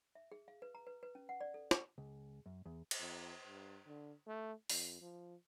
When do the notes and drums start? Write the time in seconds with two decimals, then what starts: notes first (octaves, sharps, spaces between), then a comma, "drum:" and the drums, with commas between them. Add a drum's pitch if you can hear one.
0.15 E5
0.32 G#4
0.48 F5
0.62 B4
0.75 A#5
0.87 B4
1.03 B4
1.15 C#4
1.29 F#5
1.41 D5
1.54 A4
1.71 C#6, drum: snare
1.98 C#2
2.46 F#2
2.66 E2
2.91 drum: cymbal
3.00 F2
3.46 G2
3.87 D3
4.27 A3
4.69 F2, drum: open hi-hat
5.01 F3